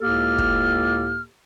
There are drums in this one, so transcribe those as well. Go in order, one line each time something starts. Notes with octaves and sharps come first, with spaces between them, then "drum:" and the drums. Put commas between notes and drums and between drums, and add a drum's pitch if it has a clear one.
C#2 A2 A#3 G4 A4 F6
drum: kick